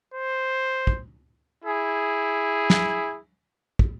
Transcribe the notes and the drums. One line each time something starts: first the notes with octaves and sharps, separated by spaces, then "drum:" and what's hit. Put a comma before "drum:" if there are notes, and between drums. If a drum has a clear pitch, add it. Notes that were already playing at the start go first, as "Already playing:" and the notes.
C5
drum: kick
E4 G#4
drum: snare
drum: kick